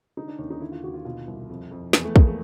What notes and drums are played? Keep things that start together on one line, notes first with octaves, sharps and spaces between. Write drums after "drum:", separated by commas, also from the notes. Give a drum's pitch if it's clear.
D3 D#4
D4
D#2 C#4
D#4
D3 E4
F4
D#2 F#4
F4
B2 F4
C2
F2
F2
E2 B3, drum: snare
A3
E2 A#3, drum: kick
A3